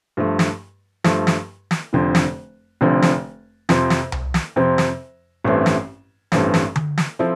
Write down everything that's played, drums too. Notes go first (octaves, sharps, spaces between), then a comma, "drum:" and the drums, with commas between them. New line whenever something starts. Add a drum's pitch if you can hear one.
G2 F3 A3
drum: snare
G2 F3 A3, drum: snare
drum: snare
drum: snare
F1 F2 D3 F3 C4
drum: snare
F1 F2 D3 F3 C4
drum: snare
F2 C3 F3 C4, drum: snare
drum: snare
drum: tom C2
drum: snare
F2 C3 F3 C4
drum: snare
A1 G2 E3 A3 C4
drum: snare
A1 G2 E3 A3 C4, drum: snare
drum: snare
drum: tom D3
drum: snare
F3 C4 E4 A4